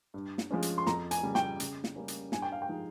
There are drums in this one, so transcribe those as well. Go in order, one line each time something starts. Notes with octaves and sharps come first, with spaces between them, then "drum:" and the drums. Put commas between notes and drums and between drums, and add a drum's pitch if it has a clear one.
G2
drum: snare
F3 G#3 C#4
drum: hi-hat
C6
F2 A#5, drum: snare
G#5, drum: hi-hat
C#3 G3
G5, drum: snare
C#3, drum: hi-hat
drum: snare
G3 A#3 C#4
drum: hi-hat
G2 G#5, drum: snare
G5
F5
G5
F3 G#3 D#4